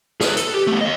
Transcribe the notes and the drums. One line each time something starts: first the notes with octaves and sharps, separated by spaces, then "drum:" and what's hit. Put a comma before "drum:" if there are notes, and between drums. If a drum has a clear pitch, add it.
G#4 B4, drum: snare
A4, drum: hi-hat
G4
A3 B3
D#5 F5